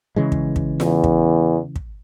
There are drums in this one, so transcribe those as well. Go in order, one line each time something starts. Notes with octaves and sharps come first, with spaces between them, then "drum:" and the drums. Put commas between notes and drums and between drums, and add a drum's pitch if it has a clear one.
C#3 E3 G#3
drum: kick
drum: kick
E2, drum: snare F4
drum: kick
drum: kick